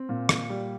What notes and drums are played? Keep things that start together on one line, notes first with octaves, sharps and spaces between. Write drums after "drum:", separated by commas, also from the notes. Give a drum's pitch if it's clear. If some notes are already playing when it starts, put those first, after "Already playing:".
Already playing: C4
A#2
A#2, drum: rim click
G3